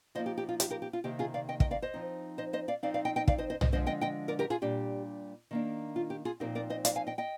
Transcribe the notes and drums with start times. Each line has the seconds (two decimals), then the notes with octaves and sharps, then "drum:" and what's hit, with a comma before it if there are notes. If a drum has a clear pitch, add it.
0.15 F3 A#3 D#4 C5 D#5
0.26 G4
0.38 G4
0.49 F4
0.60 G4, drum: hi-hat
0.70 G4 A#4
0.82 G4
0.93 F4
1.04 C3 D#3 A#3 D#4 G4
1.19 F4 G#4
1.34 D5 F5
1.49 D#5 G5
1.60 D#5 G5, drum: kick
1.71 D5 F5
1.82 C5 D#5
1.94 F3 C4 D#4
2.38 C5 D#5
2.53 C5 D#5
2.68 D5 F5
2.83 F3 C4 D#4 D5 F5
2.94 D5 F5
3.05 D#5 G5
3.16 D#5 G5
3.28 D5 F5, drum: kick
3.38 C5 D#5
3.50 C5 D#5
3.61 C5 D#5, drum: tom
3.72 D3 F3 G#3 C5 D#5
3.87 D#5 G5
4.01 D#5 G5
4.28 A#4 D5
4.39 G4 A#4
4.50 F4 G#4
4.62 A#2 G3 D4 G4
5.51 D#3 A#3 D4
5.96 F4
6.10 G4
6.25 F4 G#4
6.40 A#2 F3 C4 D#4 G4 A#4
6.55 A#4 D5
6.70 C5 D#5
6.85 D5 F5, drum: hi-hat
6.96 F5 G#5
7.07 D#5 G5
7.18 D#5 G5